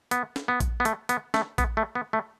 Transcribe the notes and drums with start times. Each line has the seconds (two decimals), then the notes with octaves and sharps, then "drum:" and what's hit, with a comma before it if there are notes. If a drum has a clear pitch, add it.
0.11 B3, drum: hi-hat
0.36 drum: snare
0.48 B3
0.60 drum: kick A#1, hi-hat
0.80 B3
0.85 A3, drum: hi-hat
1.09 B3, drum: hi-hat
1.34 A3, drum: snare
1.58 B3, drum: kick A#1, hi-hat
1.77 A3
1.95 B3
2.13 A3